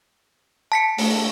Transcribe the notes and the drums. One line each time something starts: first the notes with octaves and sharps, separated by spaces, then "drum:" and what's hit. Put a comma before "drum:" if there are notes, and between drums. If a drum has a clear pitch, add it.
A5 B6 C#7
A3, drum: open hi-hat